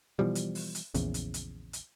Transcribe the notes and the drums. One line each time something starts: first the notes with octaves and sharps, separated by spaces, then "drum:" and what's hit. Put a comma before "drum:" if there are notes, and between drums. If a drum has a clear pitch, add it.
B2 E3 F3 G3
drum: hi-hat
drum: open hi-hat
drum: hi-hat
A#1 E2 C#3, drum: hi-hat
drum: hi-hat
drum: hi-hat
drum: hi-hat